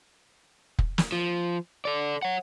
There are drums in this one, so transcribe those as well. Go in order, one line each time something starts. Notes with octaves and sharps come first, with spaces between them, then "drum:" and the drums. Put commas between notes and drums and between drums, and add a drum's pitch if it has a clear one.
drum: kick
drum: snare
F3
A4 D5
C#5 F#5